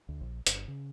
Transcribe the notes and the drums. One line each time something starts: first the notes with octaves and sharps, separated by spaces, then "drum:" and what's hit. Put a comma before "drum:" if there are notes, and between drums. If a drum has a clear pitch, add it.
D2
A#1
G1, drum: hi-hat
C#3